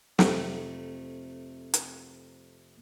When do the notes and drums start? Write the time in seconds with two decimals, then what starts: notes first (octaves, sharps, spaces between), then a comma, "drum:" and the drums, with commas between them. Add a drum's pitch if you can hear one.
0.19 F2 C3 A3, drum: snare
1.74 drum: hi-hat